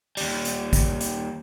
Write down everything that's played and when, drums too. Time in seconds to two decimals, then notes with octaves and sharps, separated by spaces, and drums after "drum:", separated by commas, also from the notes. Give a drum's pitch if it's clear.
0.17 D#2 G3, drum: open hi-hat
0.45 drum: hi-hat
0.73 drum: kick, hi-hat
1.01 drum: hi-hat